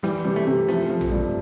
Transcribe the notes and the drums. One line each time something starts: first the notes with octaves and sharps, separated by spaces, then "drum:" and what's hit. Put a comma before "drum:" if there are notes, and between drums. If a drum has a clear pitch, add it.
E3 G3, drum: hi-hat
C3 G3
A3
C3
F3 A3, drum: hi-hat
F3
drum: tom
G2